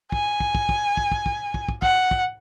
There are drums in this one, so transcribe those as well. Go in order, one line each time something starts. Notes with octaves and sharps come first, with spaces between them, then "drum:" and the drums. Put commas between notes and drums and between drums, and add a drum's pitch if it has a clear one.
G#5, drum: kick
drum: kick
drum: kick
drum: kick
drum: kick
drum: kick
drum: kick
drum: kick
drum: kick
F#5, drum: kick
drum: kick